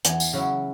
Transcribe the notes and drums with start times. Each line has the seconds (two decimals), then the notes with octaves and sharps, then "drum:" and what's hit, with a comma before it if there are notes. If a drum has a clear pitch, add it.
0.05 E2 G#5, drum: hi-hat
0.20 drum: tambourine
0.33 C#3 F#3 C#4 E4